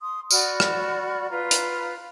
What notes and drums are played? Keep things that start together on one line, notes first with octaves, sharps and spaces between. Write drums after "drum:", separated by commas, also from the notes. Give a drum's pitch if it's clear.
C6 D#6
F#4 D5 B5 F6, drum: tambourine
drum: rim click
F4 B4 A#5
drum: hi-hat